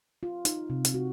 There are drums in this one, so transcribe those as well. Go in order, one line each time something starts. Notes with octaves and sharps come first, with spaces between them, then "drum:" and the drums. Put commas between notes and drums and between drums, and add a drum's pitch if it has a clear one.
F4
D#4, drum: hi-hat
C3
drum: hi-hat
F#4